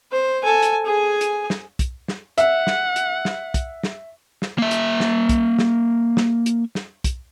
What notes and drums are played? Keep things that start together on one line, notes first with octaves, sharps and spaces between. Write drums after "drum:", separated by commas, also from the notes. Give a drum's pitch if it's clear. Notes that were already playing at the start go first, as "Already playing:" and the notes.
C5
A4 G#5
drum: hi-hat
G#4 G#5
drum: hi-hat
drum: snare
drum: kick, hi-hat
drum: snare
E5 F#5, drum: hi-hat
drum: snare
drum: hi-hat
drum: snare
drum: kick, hi-hat
drum: snare
drum: snare
A#3 E5
drum: hi-hat
drum: snare
drum: kick, hi-hat
drum: snare
drum: snare
drum: hi-hat
drum: snare
drum: kick, hi-hat